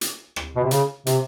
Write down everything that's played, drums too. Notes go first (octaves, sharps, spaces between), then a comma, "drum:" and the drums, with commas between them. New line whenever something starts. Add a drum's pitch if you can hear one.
drum: hi-hat
drum: rim click
B2
C3
C#3, drum: hi-hat
C3, drum: hi-hat